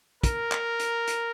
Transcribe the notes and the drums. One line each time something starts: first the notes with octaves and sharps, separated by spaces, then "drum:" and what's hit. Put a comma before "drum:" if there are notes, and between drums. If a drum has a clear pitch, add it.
A#4, drum: kick, hi-hat
drum: clap
drum: hi-hat
drum: hi-hat